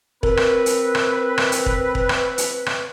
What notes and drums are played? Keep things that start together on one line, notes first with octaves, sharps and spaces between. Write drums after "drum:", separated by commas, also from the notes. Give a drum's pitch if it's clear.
C4 A#4 B4, drum: kick E1
drum: rim click
drum: hi-hat
drum: rim click
drum: rim click
drum: hi-hat
drum: kick E1
drum: kick E1
drum: rim click
drum: hi-hat
drum: rim click